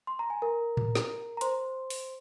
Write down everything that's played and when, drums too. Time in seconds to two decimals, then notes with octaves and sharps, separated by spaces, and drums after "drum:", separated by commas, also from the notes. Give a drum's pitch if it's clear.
0.07 C6
0.19 A#5
0.30 G#5
0.42 A#4 A#5
0.77 drum: tom A2
0.95 drum: snare
1.37 A#5
1.41 C5 C6, drum: hi-hat
1.90 drum: open hi-hat